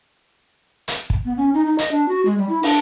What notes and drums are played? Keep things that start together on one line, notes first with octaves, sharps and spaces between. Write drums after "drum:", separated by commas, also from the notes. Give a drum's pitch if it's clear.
drum: hi-hat
drum: kick
B3
C#4
D#4
D#4
D#5, drum: hi-hat
D4
F#4
G#3
G3
E4
D4, drum: open hi-hat